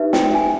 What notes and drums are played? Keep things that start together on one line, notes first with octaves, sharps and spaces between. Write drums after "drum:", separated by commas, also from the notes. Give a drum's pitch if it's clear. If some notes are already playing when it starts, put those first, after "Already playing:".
Already playing: D#4 G4 B4 E5
G5, drum: snare
G#5